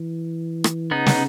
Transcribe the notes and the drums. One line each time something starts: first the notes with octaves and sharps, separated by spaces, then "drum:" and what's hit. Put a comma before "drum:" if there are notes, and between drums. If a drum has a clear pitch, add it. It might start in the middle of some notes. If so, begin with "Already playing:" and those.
Already playing: E3
drum: rim click
C#3 B3 D#4
drum: snare